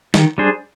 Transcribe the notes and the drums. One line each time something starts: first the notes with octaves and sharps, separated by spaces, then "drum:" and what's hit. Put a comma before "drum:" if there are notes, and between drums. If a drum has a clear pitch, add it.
D#3, drum: snare
G3 D4 G#4 C5